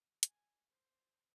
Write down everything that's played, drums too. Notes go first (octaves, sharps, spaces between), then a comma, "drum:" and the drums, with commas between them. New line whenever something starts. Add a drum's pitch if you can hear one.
G#5, drum: hi-hat
C5